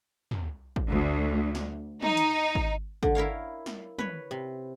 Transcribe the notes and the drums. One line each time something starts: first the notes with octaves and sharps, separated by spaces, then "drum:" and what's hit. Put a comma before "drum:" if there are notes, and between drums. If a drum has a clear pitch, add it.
drum: tom
drum: kick
D2
drum: snare
D#4, drum: tom
drum: hi-hat
drum: kick
D3, drum: kick
E4 A#4 C#5 F5
drum: snare
B4 C#5, drum: tom
C3